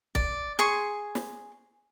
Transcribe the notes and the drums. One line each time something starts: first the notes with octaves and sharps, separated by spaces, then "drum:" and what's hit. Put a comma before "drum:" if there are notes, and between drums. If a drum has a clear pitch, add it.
D5, drum: kick
G#4 C6 C#6
drum: snare